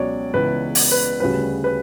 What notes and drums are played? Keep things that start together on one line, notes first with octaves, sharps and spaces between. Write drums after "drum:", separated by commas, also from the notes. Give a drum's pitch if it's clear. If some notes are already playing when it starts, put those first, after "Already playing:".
Already playing: C#2 B2 F#3 C#4 F#4 C#5 D5
C#2 C#3 E3 B3 B4
drum: open hi-hat
B4
D2 C#3 G3 C#4 F#4 B4
B4